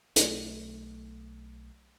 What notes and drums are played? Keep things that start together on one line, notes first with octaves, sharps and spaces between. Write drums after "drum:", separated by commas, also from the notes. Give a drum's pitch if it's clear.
B1 A3, drum: hi-hat